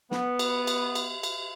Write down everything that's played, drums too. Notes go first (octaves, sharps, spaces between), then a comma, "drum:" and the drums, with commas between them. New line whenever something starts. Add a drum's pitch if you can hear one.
B3, drum: snare
drum: cymbal
drum: cymbal
drum: cymbal
drum: cymbal